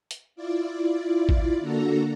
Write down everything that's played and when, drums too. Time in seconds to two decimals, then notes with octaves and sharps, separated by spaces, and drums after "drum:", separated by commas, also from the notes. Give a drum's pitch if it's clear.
0.11 drum: hi-hat
0.36 E4 F4 D5
1.29 drum: kick A1
1.60 D3 A#3 D4 F#4 A4 A#5